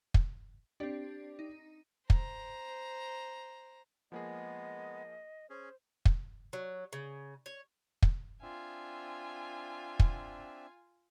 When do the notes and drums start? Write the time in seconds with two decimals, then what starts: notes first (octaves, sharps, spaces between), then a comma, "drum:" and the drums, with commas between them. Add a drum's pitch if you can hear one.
0.14 drum: kick
0.80 C4 D4 G4 D5
1.39 D#4
2.10 C5 A#5, drum: kick
4.12 F3 G#3 A#3 B3 G#4 D#5
5.50 C#4 G#4 C5
6.05 drum: kick
6.53 F#3
6.93 C#3
7.46 C#5
8.03 drum: kick
8.42 C4 D4 F4 E5 G#5
10.00 drum: kick